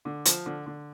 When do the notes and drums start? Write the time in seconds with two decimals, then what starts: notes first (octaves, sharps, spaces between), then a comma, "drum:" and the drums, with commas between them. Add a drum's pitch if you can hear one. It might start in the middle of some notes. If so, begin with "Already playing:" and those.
0.05 D3
0.25 F3, drum: hi-hat
0.46 D3
0.66 D3